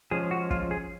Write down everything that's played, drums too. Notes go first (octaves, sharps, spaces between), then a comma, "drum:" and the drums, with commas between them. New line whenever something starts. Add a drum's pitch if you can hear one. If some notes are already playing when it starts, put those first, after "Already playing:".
F3 G#3 C#4 G#4
F#4
F4, drum: kick
G#4